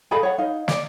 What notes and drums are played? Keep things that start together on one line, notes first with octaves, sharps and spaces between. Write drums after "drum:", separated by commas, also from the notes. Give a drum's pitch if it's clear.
G#4 A4 F5 B5
C#5 F#5
D#4 F5
D5, drum: snare